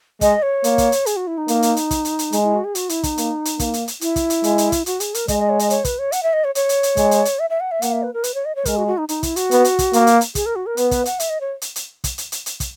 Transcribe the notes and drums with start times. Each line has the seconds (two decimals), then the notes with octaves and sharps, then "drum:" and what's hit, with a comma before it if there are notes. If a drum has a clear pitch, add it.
0.21 G#3 D#5, drum: kick, hi-hat
0.43 C#5
0.64 A#3, drum: hi-hat
0.78 drum: kick, hi-hat
0.92 drum: hi-hat
1.06 G#4, drum: hi-hat
1.16 F#4
1.27 E4
1.38 D#4
1.48 A#3, drum: hi-hat
1.62 drum: hi-hat
1.77 drum: hi-hat
1.91 drum: kick, hi-hat
2.05 drum: hi-hat
2.19 drum: hi-hat
2.32 G#3, drum: hi-hat
2.43 E4
2.55 F#4
2.64 G#4
2.75 F#4, drum: hi-hat
2.89 E4, drum: hi-hat
3.03 D#4, drum: kick, hi-hat
3.18 A#3, drum: hi-hat
3.45 drum: hi-hat
3.59 A#3, drum: kick, hi-hat
3.74 drum: hi-hat
3.88 drum: hi-hat
4.01 E4, drum: hi-hat
4.16 drum: kick, hi-hat
4.30 drum: hi-hat
4.44 G#3, drum: hi-hat
4.58 drum: hi-hat
4.72 drum: kick, hi-hat
4.86 F#4, drum: hi-hat
5.00 G#4, drum: hi-hat
5.14 A#4, drum: hi-hat
5.28 G#3 D#5, drum: kick, hi-hat
5.39 D#5
5.49 C#5
5.59 D#5, drum: hi-hat
5.70 C#5, drum: hi-hat
5.85 B4, drum: kick, hi-hat
5.99 C#5
6.12 F#5, drum: hi-hat
6.23 E5
6.33 D#5
6.44 C#5
6.55 C#5, drum: hi-hat
6.69 drum: hi-hat
6.83 drum: hi-hat
6.97 G#3, drum: kick, hi-hat
7.11 drum: hi-hat
7.25 drum: hi-hat
7.39 E5
7.50 E5
7.60 F#5
7.71 E5
7.82 A#3 F#5, drum: hi-hat
7.92 E5
8.03 B4
8.14 A#4
8.24 B4, drum: hi-hat
8.34 C#5
8.45 D#5
8.56 C#5
8.65 G#3 A#4, drum: kick, hi-hat
8.77 F#4
8.87 F#4
8.98 D#4
9.09 D#4, drum: hi-hat
9.23 E4, drum: kick, hi-hat
9.36 F#4, drum: hi-hat
9.51 B3, drum: hi-hat
9.65 drum: hi-hat
9.79 drum: kick, hi-hat
9.93 A#3, drum: hi-hat
10.07 drum: hi-hat
10.21 drum: hi-hat
10.35 G#4, drum: kick, hi-hat
10.46 A#4
10.56 F#4
10.66 A#4
10.77 B3 B4, drum: hi-hat
10.91 B4, drum: kick, hi-hat
11.05 F#5, drum: hi-hat
11.20 E5, drum: hi-hat
11.29 D#5
11.41 C#5
11.62 drum: hi-hat
11.76 drum: hi-hat
12.04 drum: kick, hi-hat
12.18 drum: hi-hat
12.32 drum: hi-hat
12.46 drum: hi-hat
12.60 drum: kick, hi-hat